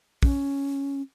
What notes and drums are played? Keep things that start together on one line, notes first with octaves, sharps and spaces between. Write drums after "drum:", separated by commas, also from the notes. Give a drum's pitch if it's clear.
C#4, drum: kick